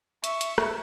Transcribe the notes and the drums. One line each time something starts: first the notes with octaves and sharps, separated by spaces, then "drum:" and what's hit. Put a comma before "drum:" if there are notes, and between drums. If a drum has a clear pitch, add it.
E5 C#6, drum: hi-hat
drum: hi-hat
drum: rim click